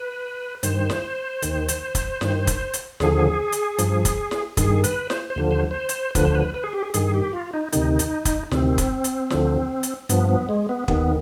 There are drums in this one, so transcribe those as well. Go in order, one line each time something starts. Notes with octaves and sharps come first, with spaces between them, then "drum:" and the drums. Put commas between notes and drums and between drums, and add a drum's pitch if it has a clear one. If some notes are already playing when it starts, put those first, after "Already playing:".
Already playing: B4
G2 D#3 C5, drum: hi-hat
drum: snare
D#2 D#3, drum: hi-hat
drum: hi-hat
drum: kick, hi-hat
G2 D#3, drum: snare
drum: kick, hi-hat
drum: hi-hat
D#2 D3 F3 G#4, drum: snare
drum: hi-hat
G2 F3, drum: hi-hat
drum: kick, hi-hat
drum: snare
G2 D#3 G#4, drum: kick, hi-hat
B4, drum: hi-hat
C5, drum: snare
C5
D#2 D3 F3
C5
C5
drum: hi-hat
D2 D3 F3 B4, drum: kick, hi-hat
C5
B4
B4
G#4
G4
G#4
G2 D#3 G#4, drum: hi-hat
G4
F4
D#4
D2 C3 D#3 D#4, drum: hi-hat
drum: hi-hat
drum: kick, hi-hat
D2 C3 D#3 C4, drum: snare
drum: kick, hi-hat
drum: hi-hat
D2 D3 F3, drum: snare
drum: hi-hat
G2 F3 B3, drum: hi-hat
B3
G#3
B3
D#2 D#3 B3, drum: kick